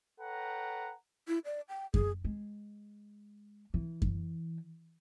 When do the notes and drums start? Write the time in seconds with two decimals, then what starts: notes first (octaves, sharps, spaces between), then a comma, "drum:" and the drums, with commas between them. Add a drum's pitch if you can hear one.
0.20 A4 B4 C#5 F#5 G5 A#5
1.28 E4
1.45 D5
1.69 G5
1.94 G#4, drum: kick F#2
2.24 G#3
3.74 E3
4.02 drum: kick F#2